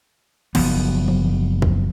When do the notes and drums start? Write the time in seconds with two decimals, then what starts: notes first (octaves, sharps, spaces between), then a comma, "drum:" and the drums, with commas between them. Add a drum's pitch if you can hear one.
0.55 F#1 F3 B3, drum: cymbal
1.08 drum: tom E3
1.62 drum: kick